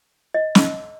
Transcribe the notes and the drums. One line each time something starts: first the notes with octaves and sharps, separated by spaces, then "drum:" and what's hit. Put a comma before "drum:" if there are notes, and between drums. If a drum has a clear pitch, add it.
D#5
drum: snare